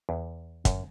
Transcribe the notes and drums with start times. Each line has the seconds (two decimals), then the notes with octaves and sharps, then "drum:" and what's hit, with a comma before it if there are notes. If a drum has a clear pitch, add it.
0.09 E2
0.65 F#2, drum: kick, hi-hat